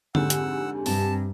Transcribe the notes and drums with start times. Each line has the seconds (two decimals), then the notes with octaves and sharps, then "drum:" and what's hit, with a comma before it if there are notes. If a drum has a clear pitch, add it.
0.15 F2 G#2 D3 G4 F#5 G#5 E6, drum: tom D3
0.30 drum: hi-hat
0.86 G2 C3 A5, drum: open hi-hat